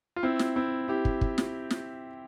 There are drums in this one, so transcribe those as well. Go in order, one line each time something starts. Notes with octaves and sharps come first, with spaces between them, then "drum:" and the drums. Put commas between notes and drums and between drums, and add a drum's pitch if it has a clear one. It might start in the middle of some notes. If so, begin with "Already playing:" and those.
F4
C4 E4
drum: snare
C4 E4
E4 G4
drum: kick
drum: kick
drum: snare
drum: snare